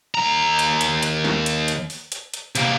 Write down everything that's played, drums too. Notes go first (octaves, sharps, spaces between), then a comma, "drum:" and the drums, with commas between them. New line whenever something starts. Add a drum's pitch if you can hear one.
D#2 A#5
drum: hi-hat
drum: hi-hat
drum: hi-hat
drum: snare
drum: hi-hat
drum: hi-hat
drum: open hi-hat
drum: hi-hat
drum: hi-hat
C3 A#3, drum: hi-hat